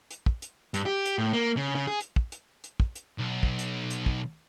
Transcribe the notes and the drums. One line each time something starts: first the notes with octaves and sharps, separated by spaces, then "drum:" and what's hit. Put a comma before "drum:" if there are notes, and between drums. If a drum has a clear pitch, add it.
drum: hi-hat
drum: kick
drum: hi-hat
G2, drum: hi-hat
G4
drum: hi-hat
A2
A#3
C#3
C#3
G#4
drum: hi-hat
drum: kick
drum: hi-hat
drum: hi-hat
drum: kick
drum: hi-hat
B1
drum: kick
drum: hi-hat
drum: hi-hat
drum: kick